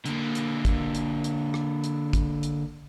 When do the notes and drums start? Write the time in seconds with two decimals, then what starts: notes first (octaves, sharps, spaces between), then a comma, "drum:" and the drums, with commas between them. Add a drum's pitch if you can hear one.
0.06 D3 A#3, drum: hi-hat
0.35 drum: hi-hat
0.65 drum: kick, hi-hat
0.95 drum: hi-hat
1.24 drum: hi-hat
1.54 drum: rim click
1.84 drum: hi-hat
2.13 drum: kick, hi-hat
2.43 drum: hi-hat